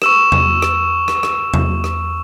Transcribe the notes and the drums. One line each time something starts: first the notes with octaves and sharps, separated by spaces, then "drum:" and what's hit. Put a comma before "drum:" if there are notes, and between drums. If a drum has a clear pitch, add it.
C#6 E6 E7, drum: rim click
drum: tom
drum: rim click
drum: rim click
drum: rim click
drum: tom
drum: rim click